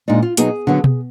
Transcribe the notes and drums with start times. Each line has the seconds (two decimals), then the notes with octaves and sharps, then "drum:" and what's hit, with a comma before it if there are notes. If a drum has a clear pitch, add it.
0.08 A#2 G#3 D4 D#4
0.22 F4
0.37 B2 F#3 B3 D#4 G#4, drum: hi-hat
0.67 D3 F#3 B3
0.84 drum: tom B2